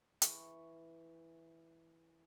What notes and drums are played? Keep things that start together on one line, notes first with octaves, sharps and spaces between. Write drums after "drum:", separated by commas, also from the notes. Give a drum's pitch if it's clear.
E3 C#6, drum: hi-hat